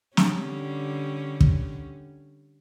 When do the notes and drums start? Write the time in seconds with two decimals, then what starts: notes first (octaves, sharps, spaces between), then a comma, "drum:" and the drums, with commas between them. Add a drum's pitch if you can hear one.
0.17 D3 G3 C#4, drum: snare
1.41 drum: kick